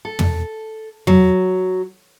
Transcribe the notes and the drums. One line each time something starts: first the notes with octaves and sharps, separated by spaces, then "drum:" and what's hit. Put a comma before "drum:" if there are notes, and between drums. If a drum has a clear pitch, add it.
A4
drum: tom
F#3, drum: tom